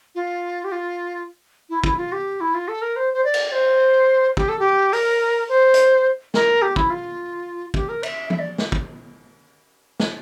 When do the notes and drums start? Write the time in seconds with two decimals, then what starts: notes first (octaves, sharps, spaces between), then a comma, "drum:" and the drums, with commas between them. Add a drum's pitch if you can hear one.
0.15 F4
0.64 G4
0.72 F4
1.69 E4
1.84 E4, drum: kick
1.97 F4
2.12 G4
2.41 E4
2.54 F4
2.68 A4
2.82 A#4
2.96 C5
3.13 C5
3.24 D5
3.34 drum: cymbal
3.52 C5
4.37 G4, drum: kick
4.49 A4
4.59 G4
4.93 A#4, drum: open hi-hat
5.49 C5
5.74 drum: hi-hat
6.34 A#4, drum: snare
6.62 G4
6.76 E4, drum: kick
6.90 F4
7.74 G4, drum: kick
7.89 A#4
8.03 E5, drum: cymbal
8.30 E5, drum: tom E3
8.39 D5
8.58 drum: snare
8.72 drum: kick
10.00 drum: snare